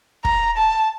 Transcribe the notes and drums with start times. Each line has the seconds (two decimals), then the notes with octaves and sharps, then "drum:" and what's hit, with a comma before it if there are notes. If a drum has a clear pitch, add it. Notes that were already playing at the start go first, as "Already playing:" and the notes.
0.25 A#5, drum: kick
0.57 A5